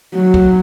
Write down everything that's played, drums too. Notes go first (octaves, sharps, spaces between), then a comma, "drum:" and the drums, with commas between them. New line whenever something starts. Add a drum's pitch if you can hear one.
F#3
drum: kick